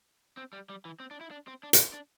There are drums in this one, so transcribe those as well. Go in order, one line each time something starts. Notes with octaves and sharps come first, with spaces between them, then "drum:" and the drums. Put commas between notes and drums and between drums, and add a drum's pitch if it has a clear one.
C4
G3
G3
E3
C4
D4
E4
D4
C4
D4
drum: hi-hat
D4